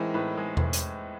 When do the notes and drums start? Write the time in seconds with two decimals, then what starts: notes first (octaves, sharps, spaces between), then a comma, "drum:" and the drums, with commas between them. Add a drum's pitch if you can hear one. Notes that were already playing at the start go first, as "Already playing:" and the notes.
Already playing: A2 E3 G#3 C4 A#4
0.14 A2 B4
0.37 G#3
0.57 drum: tom E2
0.73 drum: hi-hat